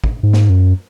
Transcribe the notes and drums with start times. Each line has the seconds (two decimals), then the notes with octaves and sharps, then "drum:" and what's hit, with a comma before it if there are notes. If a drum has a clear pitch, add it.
0.04 drum: kick
0.23 G#2
0.33 drum: snare
0.49 F#2